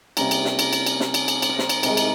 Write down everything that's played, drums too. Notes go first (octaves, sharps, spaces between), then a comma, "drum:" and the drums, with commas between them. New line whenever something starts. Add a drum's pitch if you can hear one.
C3 G3 A#3 C#4 A#4, drum: cymbal
drum: cymbal
drum: snare
A#4, drum: cymbal
drum: cymbal
drum: cymbal
drum: snare
drum: cymbal
drum: cymbal
C5, drum: cymbal
A#4
C5, drum: snare
drum: cymbal
C3 D#3 G#3 A#4, drum: cymbal
drum: cymbal